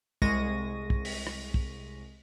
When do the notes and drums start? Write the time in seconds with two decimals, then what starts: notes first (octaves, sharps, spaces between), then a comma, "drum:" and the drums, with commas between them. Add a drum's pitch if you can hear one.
0.22 C2 G#3 C#6 A#6 D#7, drum: kick
0.90 drum: kick
1.05 drum: open hi-hat
1.27 drum: rim click
1.54 drum: kick